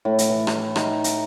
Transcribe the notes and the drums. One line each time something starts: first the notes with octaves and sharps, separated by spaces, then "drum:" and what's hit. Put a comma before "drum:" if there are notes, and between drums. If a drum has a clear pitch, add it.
A2
drum: hi-hat
E3
drum: rim click
D#4, drum: rim click
drum: hi-hat